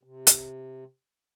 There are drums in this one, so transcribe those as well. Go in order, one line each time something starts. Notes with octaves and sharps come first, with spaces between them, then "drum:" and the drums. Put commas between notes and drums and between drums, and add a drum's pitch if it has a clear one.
C3
drum: hi-hat